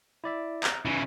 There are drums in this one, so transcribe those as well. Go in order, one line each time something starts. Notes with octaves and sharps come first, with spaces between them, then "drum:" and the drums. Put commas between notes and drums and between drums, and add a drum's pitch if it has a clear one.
E4 D5 E5
A#5, drum: clap
C#3 E3 E4